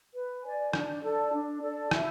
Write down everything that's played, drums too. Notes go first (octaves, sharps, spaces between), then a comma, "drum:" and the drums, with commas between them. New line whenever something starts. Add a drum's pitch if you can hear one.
B4
D5 G#5
D4, drum: rim click
A4 D5 A5
D4
A4 D5 A5
E4, drum: rim click